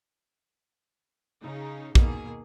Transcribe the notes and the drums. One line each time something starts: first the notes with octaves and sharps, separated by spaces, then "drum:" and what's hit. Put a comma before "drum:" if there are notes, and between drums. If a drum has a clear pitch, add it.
C#3 D#4
B2 D#3 A#3 G#4, drum: kick